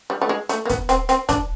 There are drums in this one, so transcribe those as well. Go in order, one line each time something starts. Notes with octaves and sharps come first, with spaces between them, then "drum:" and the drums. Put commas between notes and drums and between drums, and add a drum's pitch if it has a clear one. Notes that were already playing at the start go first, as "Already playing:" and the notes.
G3
A3
G#3
A3, drum: hi-hat
A#3
B3, drum: kick, hi-hat
C4, drum: hi-hat
C4, drum: hi-hat
D4, drum: kick, hi-hat